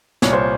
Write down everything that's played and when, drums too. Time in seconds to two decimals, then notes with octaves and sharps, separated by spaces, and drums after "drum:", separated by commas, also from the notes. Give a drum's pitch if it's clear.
0.22 C2 A#2 C#5, drum: snare
0.33 C5